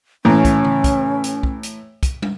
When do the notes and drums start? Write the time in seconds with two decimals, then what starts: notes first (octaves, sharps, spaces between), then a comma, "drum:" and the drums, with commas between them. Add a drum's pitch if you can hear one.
0.25 A2 E3 C#4 A#5
0.45 drum: kick, hi-hat
0.64 drum: tom C#3
0.84 drum: kick, hi-hat
1.24 drum: hi-hat
1.43 drum: kick
1.63 drum: hi-hat
2.03 drum: kick, hi-hat
2.22 drum: tom